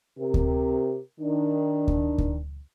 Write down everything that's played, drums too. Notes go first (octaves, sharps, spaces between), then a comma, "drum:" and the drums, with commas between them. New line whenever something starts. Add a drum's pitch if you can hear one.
C3 G4 A#4
drum: kick D2
D#3 D4
drum: kick D2
drum: kick D2